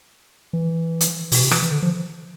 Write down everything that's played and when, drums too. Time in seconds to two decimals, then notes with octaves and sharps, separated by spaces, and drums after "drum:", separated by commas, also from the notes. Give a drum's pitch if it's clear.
0.53 E3
1.01 drum: hi-hat
1.32 B2, drum: open hi-hat
1.41 C3
1.51 E3, drum: rim click
1.62 E3
1.72 D3
1.83 F3